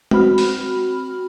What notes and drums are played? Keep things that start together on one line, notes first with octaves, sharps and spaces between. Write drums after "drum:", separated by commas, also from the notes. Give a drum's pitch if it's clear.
C4 F#4 B5 F6, drum: tom G#3
drum: open hi-hat